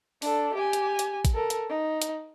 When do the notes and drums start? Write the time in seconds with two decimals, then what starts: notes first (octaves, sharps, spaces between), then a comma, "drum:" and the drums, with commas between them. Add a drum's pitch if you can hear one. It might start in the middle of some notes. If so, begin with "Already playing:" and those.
0.22 D4 A4, drum: open hi-hat
0.55 G4 G#5
0.73 drum: hi-hat
0.99 drum: hi-hat
1.25 drum: kick A1, hi-hat
1.34 A4 A#4
1.50 drum: hi-hat
1.70 D#4
2.02 drum: hi-hat